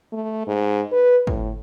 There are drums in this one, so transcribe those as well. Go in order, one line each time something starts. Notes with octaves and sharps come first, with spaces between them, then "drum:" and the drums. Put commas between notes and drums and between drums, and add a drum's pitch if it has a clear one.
A3
G#2
B4
A2, drum: kick